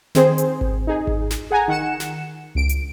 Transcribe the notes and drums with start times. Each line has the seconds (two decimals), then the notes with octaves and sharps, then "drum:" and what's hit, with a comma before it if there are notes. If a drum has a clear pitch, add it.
0.15 D#3 C4 G#4 C5, drum: snare
0.38 drum: hi-hat
0.61 drum: kick G#1
0.87 D#4 G#4
1.07 drum: kick G#1
1.30 drum: snare
1.51 G#4 F#5 G#5 A#5
1.68 D#3 F#5 C#7 E7
2.00 drum: snare
2.55 C#2 D7
2.69 drum: hi-hat